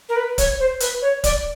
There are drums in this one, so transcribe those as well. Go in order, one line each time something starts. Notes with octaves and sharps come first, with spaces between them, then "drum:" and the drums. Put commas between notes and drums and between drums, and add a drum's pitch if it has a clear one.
A#4
B4
C#5, drum: kick D1, hi-hat
C5
B4, drum: hi-hat
C#5
D5, drum: kick D1, hi-hat